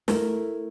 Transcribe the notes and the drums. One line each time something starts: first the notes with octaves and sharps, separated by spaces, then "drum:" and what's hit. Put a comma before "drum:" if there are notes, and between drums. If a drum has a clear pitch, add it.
A3 E4 A#4, drum: snare